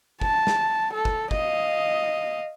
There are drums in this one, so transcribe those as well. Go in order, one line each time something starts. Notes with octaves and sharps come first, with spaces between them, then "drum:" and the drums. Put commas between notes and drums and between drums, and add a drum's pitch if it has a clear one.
A5, drum: kick
drum: snare
A4
drum: kick
D#5 F5, drum: kick